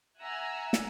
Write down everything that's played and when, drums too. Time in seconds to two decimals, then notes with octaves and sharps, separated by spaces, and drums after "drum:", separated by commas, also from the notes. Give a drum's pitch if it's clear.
0.20 E5 F#5 G#5 A#5 E6
0.73 drum: snare